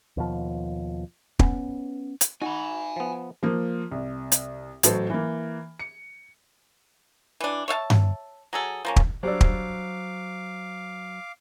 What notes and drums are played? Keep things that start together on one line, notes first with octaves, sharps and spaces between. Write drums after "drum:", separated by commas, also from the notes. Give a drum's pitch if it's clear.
D#2 B2 F3
B3 C#4, drum: kick
drum: hi-hat
D#4 F#4 G#5 B5
F3 B3
F3 A#3
C2
drum: hi-hat
A1 F#3 A4 C5, drum: hi-hat
E3 A#3
C#7
E3 D4
C#5 E5 F5 A5
drum: tom G2
F#3 G#4 A4
F3 A#3 C#4
drum: kick
F#3 G3 D4 C5 F5 D6 E6
drum: kick